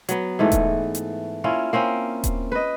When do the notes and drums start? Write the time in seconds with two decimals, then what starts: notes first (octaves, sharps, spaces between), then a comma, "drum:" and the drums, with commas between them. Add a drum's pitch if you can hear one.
0.09 F#3 B3, drum: hi-hat
0.39 G#2 E3 A3
0.52 drum: kick D#1, hi-hat
0.95 drum: hi-hat
1.44 A#3 C#4 E4 F4
1.73 A#3 C4 C#4
2.24 drum: kick D#1, hi-hat
2.52 B4 D#5